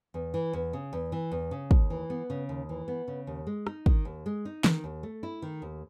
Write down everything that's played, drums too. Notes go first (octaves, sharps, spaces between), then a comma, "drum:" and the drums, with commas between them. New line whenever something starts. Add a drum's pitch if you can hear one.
E2
E3
E2
C#3
E2
E3
E2
C#3
D#2, drum: kick
E3
B3
C#3
D#2
E3
B3
C#3
D#2
G#3
D#4, drum: rim click
D#3, drum: kick
D#2
G#3
D#4
D#3, drum: snare E3
D#2
A3
E4
D#3
D#2